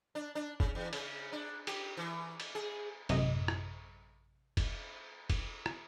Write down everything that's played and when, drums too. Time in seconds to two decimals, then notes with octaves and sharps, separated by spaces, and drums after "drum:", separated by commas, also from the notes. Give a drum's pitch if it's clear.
0.15 D4
0.35 D4
0.60 C#3, drum: kick F#1
0.75 E2
0.93 C#3, drum: cymbal
1.32 D4
1.67 G4, drum: cymbal
1.97 E3
2.40 drum: cymbal
2.55 G#4
3.09 A1 F#2 C3 D#5, drum: cymbal
3.48 drum: rim click
4.57 drum: kick F#1, cymbal
5.30 drum: kick F#1, cymbal
5.66 drum: rim click